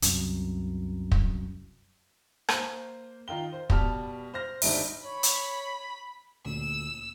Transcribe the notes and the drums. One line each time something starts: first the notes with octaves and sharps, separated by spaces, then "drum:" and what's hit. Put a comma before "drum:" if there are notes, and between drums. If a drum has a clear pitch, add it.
C2 F#2, drum: hi-hat
drum: kick
A#3 C5, drum: rim click
D#3 D#4 F4 A#4 G5 G7
C5
B2 G3 A5 F6, drum: kick
C5 F6 A#6
D2 G2 G3 D#4 C5 E5, drum: open hi-hat
C#5 B5
drum: hi-hat
D2 A#2 C#4 E6